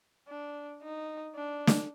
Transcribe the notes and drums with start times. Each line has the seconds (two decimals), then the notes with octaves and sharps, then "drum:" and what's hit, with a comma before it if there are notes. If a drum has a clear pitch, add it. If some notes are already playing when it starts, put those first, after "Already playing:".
0.28 D4
0.82 D#4
1.35 D4
1.67 drum: snare